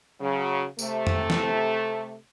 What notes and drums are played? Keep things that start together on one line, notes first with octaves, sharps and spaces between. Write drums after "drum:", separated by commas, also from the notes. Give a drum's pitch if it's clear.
C#3 F#3
C3 A3, drum: tambourine
drum: tom F2
drum: snare